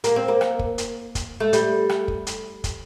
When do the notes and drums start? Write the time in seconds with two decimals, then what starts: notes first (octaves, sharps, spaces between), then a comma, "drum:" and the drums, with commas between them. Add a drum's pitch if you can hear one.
0.04 A#3, drum: hi-hat
0.16 C4
0.28 A#3
0.41 drum: rim click
0.59 drum: kick
0.78 drum: hi-hat
1.15 drum: kick, hi-hat
1.40 A3
1.53 G3, drum: hi-hat
1.89 drum: rim click
2.08 drum: kick
2.27 drum: hi-hat
2.64 drum: kick, hi-hat